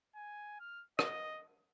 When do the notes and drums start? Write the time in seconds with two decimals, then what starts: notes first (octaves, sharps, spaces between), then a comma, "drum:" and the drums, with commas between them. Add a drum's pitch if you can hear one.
0.16 G#5
0.60 F6
0.99 D#5, drum: rim click